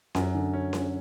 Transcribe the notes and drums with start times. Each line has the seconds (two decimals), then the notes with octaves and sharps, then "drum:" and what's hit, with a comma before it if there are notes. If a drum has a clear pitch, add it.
0.15 F#2 C#4, drum: snare C#4
0.34 D3
0.53 C#4
0.73 drum: snare C#4